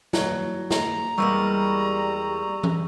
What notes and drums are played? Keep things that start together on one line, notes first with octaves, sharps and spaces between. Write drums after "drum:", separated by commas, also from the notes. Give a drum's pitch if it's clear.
G2 E3 F#3, drum: snare
A#5, drum: snare
E2 G3 G#3 A#3 C#6 E6
drum: tom E3